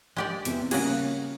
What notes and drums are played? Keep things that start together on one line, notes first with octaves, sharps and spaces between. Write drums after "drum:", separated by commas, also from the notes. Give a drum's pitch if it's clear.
G#3 G4 D5
E2 C3, drum: hi-hat
C#3 G3 A#3 C#4 F#4 G#4, drum: cymbal